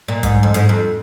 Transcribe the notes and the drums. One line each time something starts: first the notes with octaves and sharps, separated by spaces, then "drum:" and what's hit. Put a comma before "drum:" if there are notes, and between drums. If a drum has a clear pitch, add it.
A#2
G#2, drum: kick, hi-hat
F2
G#2, drum: hi-hat
F2